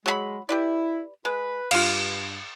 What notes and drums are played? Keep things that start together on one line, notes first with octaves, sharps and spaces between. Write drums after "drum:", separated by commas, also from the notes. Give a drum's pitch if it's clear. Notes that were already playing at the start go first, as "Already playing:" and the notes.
F#3 G#3 G#4 B5
E4 G4 B4 D5
G#3 B4
G2 F4 F5, drum: cymbal